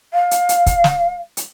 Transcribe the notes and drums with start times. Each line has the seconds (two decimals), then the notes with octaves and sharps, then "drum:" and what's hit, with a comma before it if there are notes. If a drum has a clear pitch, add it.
0.14 F5
0.31 drum: hi-hat
0.49 drum: hi-hat
0.66 drum: kick, hi-hat
0.84 drum: snare
1.37 drum: hi-hat